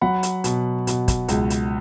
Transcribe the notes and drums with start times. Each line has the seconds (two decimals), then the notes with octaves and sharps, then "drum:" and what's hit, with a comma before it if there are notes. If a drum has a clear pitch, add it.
0.01 F#3 F#5 B5
0.23 drum: hi-hat
0.44 B2, drum: hi-hat
0.87 B2, drum: hi-hat
1.08 drum: kick, hi-hat
1.28 C#2, drum: hi-hat
1.50 drum: hi-hat